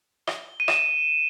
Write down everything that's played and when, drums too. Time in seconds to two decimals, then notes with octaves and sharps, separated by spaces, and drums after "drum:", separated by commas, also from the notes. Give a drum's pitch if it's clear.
0.27 G7, drum: rim click
0.60 D#7
0.68 E7, drum: rim click